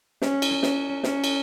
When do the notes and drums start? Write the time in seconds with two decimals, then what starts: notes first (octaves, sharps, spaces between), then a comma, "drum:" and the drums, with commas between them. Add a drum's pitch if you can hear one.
0.22 C#4, drum: snare
0.42 drum: cymbal
0.63 C#4, drum: snare
1.03 C#4, drum: snare
1.24 drum: cymbal